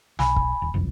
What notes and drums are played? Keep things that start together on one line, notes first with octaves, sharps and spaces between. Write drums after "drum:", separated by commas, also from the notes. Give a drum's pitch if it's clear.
B1 G#5 B5, drum: snare
drum: kick
D#1
F#1 C2 F2